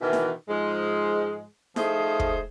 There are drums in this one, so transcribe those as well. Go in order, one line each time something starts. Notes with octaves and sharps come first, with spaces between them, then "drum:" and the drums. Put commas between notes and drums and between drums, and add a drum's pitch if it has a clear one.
B2 D#3 E3
drum: snare E4
G#2 F3 G#3
F3 A3 D#4 G#4 C5, drum: snare E4
drum: kick